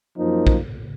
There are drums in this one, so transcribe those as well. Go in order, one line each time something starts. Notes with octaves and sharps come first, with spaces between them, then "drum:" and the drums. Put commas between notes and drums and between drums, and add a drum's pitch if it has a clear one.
F#2 F3 A#3 D#4
drum: kick A#1